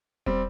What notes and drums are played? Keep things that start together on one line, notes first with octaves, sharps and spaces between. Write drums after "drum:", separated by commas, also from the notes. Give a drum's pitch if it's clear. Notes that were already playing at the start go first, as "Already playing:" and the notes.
G3 C4, drum: kick